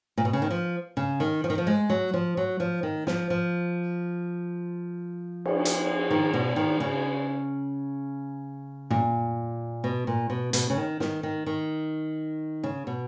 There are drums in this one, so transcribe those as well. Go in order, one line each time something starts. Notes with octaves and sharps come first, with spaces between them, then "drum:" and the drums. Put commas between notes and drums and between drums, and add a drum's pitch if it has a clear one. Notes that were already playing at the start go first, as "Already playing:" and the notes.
A#2
B2
C#3
D#3
F3
C#3
D#3
F3
D#3
F3
G#3
F#3
F3
F#3
F3
D#3
F3, drum: snare
F3
drum: cymbal
drum: hi-hat
D#3
B2
D#3
C#3
A#2, drum: tom
B2
A#2
B2
B2, drum: hi-hat
C#3
D#3
D#3, drum: snare
D#3
D#3
C#3
B2